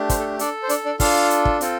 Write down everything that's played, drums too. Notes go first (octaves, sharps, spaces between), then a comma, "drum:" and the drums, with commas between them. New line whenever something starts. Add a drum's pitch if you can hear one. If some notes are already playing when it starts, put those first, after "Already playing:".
Already playing: A3 D4 G4
C5, drum: kick, hi-hat
A4
D4 A4 D5, drum: hi-hat
C5
D4 D5, drum: hi-hat
D4 D5
D4 F4 A4 F5 F6, drum: kick, open hi-hat
drum: hi-hat
drum: kick
C4 F4 A4, drum: hi-hat